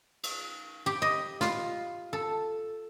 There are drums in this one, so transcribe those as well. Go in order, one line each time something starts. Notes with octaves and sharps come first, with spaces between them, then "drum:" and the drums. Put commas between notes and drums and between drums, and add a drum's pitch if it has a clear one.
drum: cymbal
G4
D#5
F4, drum: snare
A4